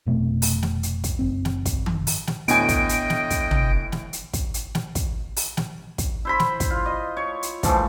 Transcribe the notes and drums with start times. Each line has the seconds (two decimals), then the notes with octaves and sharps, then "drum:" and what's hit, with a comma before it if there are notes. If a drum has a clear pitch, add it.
0.06 F1 B2 A3
0.42 drum: open hi-hat
0.62 drum: snare
0.83 drum: hi-hat
1.04 drum: kick, hi-hat
1.19 F#1 C4
1.45 drum: snare
1.66 drum: kick, hi-hat
1.86 drum: tom D#3
2.07 drum: open hi-hat
2.27 drum: snare
2.48 D2 A2 B3 D4 D#5 G5 G#5 D7, drum: hi-hat
2.69 drum: kick, hi-hat
2.89 drum: hi-hat
3.10 drum: snare
3.30 drum: kick, hi-hat
3.51 drum: tom
3.92 drum: snare
4.13 drum: hi-hat
4.33 drum: kick, hi-hat
4.54 drum: hi-hat
4.75 drum: snare
4.95 drum: kick, hi-hat
5.36 drum: open hi-hat
5.57 drum: snare
5.98 drum: kick, hi-hat
6.25 E4 C5 B5
6.40 drum: snare
6.60 drum: kick, hi-hat
6.70 F4
6.86 D#5
7.17 C#5
7.43 drum: hi-hat
7.63 G#2 E3 F3 A3, drum: kick, hi-hat